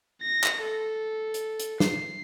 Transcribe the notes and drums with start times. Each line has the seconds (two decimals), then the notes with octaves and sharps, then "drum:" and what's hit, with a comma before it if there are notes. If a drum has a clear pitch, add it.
0.22 A#6
0.44 drum: clap
0.62 A4
1.34 drum: hi-hat
1.60 drum: hi-hat
1.80 C7, drum: snare